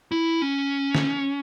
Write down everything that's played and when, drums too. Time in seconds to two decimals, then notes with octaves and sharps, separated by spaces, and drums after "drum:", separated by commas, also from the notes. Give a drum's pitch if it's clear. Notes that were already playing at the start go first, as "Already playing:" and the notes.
0.12 E4
0.42 C#4
0.95 drum: snare